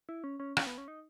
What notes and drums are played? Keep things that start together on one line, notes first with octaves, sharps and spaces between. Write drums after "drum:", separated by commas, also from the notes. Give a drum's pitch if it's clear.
E4
C#4
C#4
C#4, drum: rim click
B3
C#4
D#4